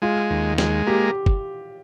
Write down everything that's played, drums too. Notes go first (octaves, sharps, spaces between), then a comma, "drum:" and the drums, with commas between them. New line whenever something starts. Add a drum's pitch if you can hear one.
G#3 F4
D#2
G#3, drum: snare
A#3 G4
drum: kick F#1